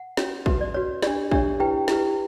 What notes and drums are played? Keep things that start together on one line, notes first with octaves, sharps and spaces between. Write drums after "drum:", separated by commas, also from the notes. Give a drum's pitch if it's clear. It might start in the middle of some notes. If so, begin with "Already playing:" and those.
Already playing: F#5
C#4 F#4 C#5, drum: snare
F#4 B4 E5, drum: kick
D5
F#4 B4 C#5
D4 G4 C#5 D5, drum: snare
D4 G4 C#5 E5, drum: kick
E4 G4 B4 G5
E4 G4 B4, drum: snare